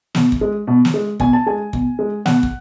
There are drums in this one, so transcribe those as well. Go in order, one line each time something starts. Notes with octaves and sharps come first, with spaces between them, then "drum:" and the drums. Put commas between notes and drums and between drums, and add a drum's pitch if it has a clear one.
B2, drum: snare
drum: kick
G#3
B2
drum: snare
G#3
B2 G#5, drum: kick
A5
G#3 G#5
B2, drum: kick
G#3
B2 F#5, drum: snare
drum: kick